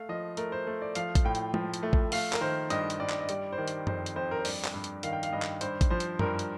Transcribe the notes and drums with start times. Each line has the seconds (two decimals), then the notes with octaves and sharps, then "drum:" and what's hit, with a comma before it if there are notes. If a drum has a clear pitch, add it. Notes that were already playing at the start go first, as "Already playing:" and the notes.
Already playing: A3 F5
0.09 F3 D#5
0.37 A3 A#4, drum: hi-hat
0.52 C5
0.67 A3
0.82 D5
0.95 F3 F5, drum: hi-hat
1.15 drum: kick, hi-hat
1.25 A2 G5
1.35 drum: hi-hat
1.54 F3, drum: tom
1.74 drum: hi-hat
1.83 A3
1.93 drum: kick
2.12 A3 F5, drum: open hi-hat
2.33 A#4, drum: clap
2.41 D#3 C5
2.70 G2 D#5, drum: hi-hat
2.90 drum: hi-hat
3.00 G2 D5
3.09 drum: clap
3.20 D#5
3.29 G3 D5, drum: hi-hat
3.52 C5
3.58 D#3 D5
3.68 drum: hi-hat
3.87 F2 C5, drum: tom F#2
4.06 drum: hi-hat
4.16 F2 C5
4.31 A#4
4.39 C5
4.45 G2 D5, drum: open hi-hat
4.65 drum: clap
4.74 G2
4.84 drum: hi-hat
5.03 D#3 F5, drum: hi-hat
5.13 G5
5.23 F5, drum: hi-hat
5.33 G2 D#5
5.42 drum: clap
5.61 G2 C5, drum: hi-hat
5.81 drum: kick, hi-hat
5.90 F3 C5
6.00 drum: hi-hat
6.19 G2 A#4, drum: tom F#2
6.39 drum: hi-hat